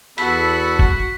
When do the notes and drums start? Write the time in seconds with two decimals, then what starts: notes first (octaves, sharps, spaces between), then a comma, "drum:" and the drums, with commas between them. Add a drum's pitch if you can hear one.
0.18 E2 B3 F#4 A4 B5 B6, drum: hi-hat
0.79 drum: kick G1